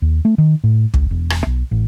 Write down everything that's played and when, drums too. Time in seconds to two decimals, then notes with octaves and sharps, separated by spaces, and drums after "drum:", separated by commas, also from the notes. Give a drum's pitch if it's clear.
0.02 D#2
0.25 A3
0.38 D#3
0.64 A2
0.94 C#2, drum: kick
1.11 E1
1.30 drum: rim click
1.46 B1
1.71 A1